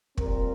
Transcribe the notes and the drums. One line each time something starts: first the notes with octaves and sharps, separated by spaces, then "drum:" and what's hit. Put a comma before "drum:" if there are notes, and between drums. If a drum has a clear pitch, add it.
A#2 G3 C4 A#4, drum: kick